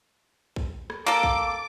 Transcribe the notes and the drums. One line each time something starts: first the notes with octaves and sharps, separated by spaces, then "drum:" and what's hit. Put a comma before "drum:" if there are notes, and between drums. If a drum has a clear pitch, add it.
drum: kick A#1
drum: rim click
A#3 A4 D6
drum: kick A#1